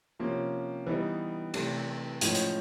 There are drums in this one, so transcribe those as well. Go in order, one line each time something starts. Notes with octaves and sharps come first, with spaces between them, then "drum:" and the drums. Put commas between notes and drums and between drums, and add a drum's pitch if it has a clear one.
C3 F3 A#3 C#4
E3 G3 B3 D#4
C3 E3 A3, drum: cymbal
A2 F3 G#3 C#4, drum: hi-hat
drum: hi-hat